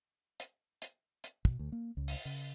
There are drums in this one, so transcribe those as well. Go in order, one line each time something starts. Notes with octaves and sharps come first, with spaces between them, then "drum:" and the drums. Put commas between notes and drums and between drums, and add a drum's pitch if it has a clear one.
drum: hi-hat
drum: hi-hat
drum: hi-hat
B2, drum: kick
D2
A#3
C#2
drum: open hi-hat
C#3